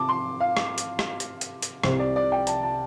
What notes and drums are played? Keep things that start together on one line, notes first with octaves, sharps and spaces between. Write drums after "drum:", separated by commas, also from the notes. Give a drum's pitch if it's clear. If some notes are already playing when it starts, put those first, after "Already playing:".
Already playing: C3 A5 D6
C6
F5
drum: rim click
drum: hi-hat
drum: rim click
drum: hi-hat
drum: hi-hat
drum: hi-hat
C2 C3 C5, drum: rim click
D5
D5
G5
A5, drum: hi-hat
A5